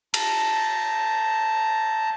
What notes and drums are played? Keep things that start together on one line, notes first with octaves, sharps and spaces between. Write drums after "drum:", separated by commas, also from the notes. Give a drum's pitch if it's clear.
A5 A#5, drum: cymbal